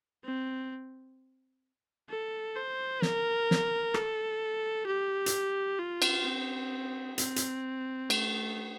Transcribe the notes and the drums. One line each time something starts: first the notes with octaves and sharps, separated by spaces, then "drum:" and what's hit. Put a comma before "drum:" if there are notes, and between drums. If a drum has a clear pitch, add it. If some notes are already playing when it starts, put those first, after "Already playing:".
C4
A4
C5
A#4, drum: snare
drum: snare
A4, drum: rim click
G4
drum: hi-hat
F4
drum: cymbal
C4
C4, drum: hi-hat
drum: hi-hat
A3, drum: cymbal